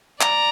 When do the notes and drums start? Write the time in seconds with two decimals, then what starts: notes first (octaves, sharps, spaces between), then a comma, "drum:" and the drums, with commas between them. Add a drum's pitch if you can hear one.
0.21 D5 A#5, drum: clap